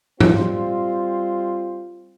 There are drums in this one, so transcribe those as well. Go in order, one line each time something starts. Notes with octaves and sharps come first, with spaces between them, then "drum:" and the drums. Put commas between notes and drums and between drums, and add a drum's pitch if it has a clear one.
G3 C4 F4, drum: tom